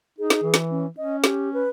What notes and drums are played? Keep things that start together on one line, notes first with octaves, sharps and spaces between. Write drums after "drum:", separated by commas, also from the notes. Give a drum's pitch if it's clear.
D#4 G#4
drum: snare
E3
drum: snare
C#4
C#4 D#5
G4, drum: snare
B4